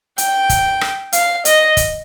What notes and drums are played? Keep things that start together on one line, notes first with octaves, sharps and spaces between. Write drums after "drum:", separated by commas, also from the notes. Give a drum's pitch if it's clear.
G5, drum: hi-hat
drum: kick, hi-hat
drum: rim click
F5, drum: hi-hat
D#5, drum: hi-hat
drum: kick, hi-hat